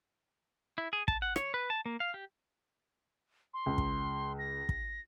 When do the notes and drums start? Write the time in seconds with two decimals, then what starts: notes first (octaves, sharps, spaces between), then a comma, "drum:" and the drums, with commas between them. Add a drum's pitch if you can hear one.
0.78 E4
0.93 G#4
1.08 A5, drum: kick
1.22 F#5
1.36 C#5, drum: rim click
1.54 B4
1.70 A5
1.86 A#3
2.00 F5
2.14 G4
3.54 C6
3.66 C#2
3.78 drum: kick
4.39 A#6
4.69 drum: kick